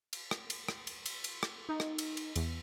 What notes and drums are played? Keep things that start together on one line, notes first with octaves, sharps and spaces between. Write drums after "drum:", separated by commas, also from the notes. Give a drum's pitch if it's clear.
drum: cymbal
drum: rim click
drum: cymbal
drum: rim click
drum: cymbal
drum: cymbal
drum: cymbal
drum: rim click
D#4
drum: rim click
drum: cymbal
drum: cymbal
E2, drum: cymbal